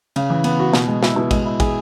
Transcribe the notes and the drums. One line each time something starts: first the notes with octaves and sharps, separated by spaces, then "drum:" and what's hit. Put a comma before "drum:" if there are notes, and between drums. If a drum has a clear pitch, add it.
C#3, drum: cymbal
E3
B3, drum: cymbal
F#4
B2, drum: snare
G#3
E4, drum: snare
B2
G#3, drum: kick, cymbal
E4
G#4, drum: kick, cymbal